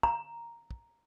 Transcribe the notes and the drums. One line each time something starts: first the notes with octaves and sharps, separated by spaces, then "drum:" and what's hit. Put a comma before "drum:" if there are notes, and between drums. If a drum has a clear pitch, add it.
A#5, drum: kick
drum: kick